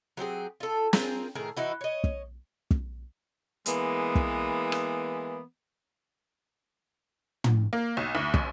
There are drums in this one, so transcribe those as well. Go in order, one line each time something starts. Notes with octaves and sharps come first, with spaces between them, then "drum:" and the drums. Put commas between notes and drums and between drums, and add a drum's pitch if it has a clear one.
F#3 C4 G4 G#4
F4 A4
C4 F4 G#4 A#4, drum: snare
A2 D#3 G#4 A#4
E3 D#4 E4 F#4
C#5 D#5
drum: kick
drum: kick
E3 G#3 A#3 B3, drum: hi-hat
drum: kick
drum: rim click
drum: tom
A#3
B1
D2
A1, drum: kick